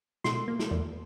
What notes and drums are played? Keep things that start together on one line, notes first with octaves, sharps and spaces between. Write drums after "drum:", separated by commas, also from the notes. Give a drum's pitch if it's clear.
B2 C6, drum: snare
A#3
drum: snare
E2